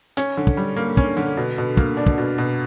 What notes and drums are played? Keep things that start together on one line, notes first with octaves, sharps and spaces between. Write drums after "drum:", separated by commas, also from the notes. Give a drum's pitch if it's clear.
C#4, drum: hi-hat
D3
drum: kick
G3
A#3
C#4, drum: kick
D3
B2
B2
A#3, drum: kick
D4
drum: kick
B2
B2